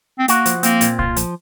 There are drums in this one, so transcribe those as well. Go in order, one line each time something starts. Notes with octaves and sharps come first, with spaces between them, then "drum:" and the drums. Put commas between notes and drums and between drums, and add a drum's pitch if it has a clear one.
C4
A#3 F#4, drum: hi-hat
F3, drum: hi-hat
A#3 C4, drum: hi-hat
A#2, drum: hi-hat
F4, drum: kick
F3, drum: hi-hat